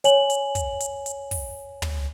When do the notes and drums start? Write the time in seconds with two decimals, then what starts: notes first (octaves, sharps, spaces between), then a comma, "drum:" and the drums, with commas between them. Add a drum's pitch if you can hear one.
0.04 C#5 G#5 F#7, drum: hi-hat
0.30 drum: hi-hat
0.55 drum: kick, hi-hat
0.80 drum: hi-hat
1.06 drum: hi-hat
1.31 drum: kick, open hi-hat
1.82 drum: tom